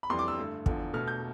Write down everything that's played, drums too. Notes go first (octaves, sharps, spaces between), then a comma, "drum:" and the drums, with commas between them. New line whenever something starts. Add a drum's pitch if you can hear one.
B5
F2 E3 G3 C6
D6
E6
G2 D3 A3
E2 D3 F3, drum: kick
B2 A3 F6
G6